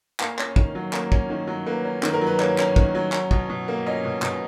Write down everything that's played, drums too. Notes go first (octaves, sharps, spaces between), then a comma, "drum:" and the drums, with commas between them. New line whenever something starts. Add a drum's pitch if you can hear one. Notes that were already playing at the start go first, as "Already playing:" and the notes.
A#3 F5, drum: clap
C#4, drum: clap
D#3, drum: kick
F#3
A#3, drum: clap
C#4, drum: kick
D#3
F#3
A#3 B4
C#4
D#3, drum: clap
A#4
F#3
B4
A#3 C#5, drum: clap
C#4, drum: clap
D#3, drum: kick
F#3
C#4, drum: clap
B2, drum: kick
B2
A#3
C#4 D#5
B2
B2, drum: clap